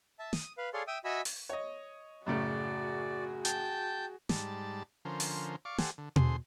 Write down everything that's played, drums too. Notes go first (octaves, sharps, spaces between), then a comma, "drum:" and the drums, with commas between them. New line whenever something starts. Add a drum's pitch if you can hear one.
E5 A5
D#6, drum: snare
B4 F5
G#4 A4 C#5 D5 F5 C6
E5 G5 D#6 E6
F#4 D#5 E5 G#5 B5 E6
drum: open hi-hat
C#5 D#5
F#2 A2 C#3 F#4 G#4 D5
G5 A5 G6, drum: hi-hat
G#2 G3 D5 A5, drum: snare
D3 F3 C#4 A#4 C5
drum: open hi-hat
D5 F5 C#6 D6
G4 A4 C5 D5 F#5 G#5, drum: snare
D3
D3 G#4 C5 C6, drum: tom B2